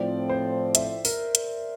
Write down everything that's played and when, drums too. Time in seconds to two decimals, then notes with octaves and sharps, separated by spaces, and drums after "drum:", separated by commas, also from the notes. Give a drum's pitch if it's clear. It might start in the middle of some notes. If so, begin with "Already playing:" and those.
Already playing: A2 F3 C4 D5
0.30 C5
0.75 E5, drum: hi-hat
1.05 A#4, drum: open hi-hat
1.35 drum: hi-hat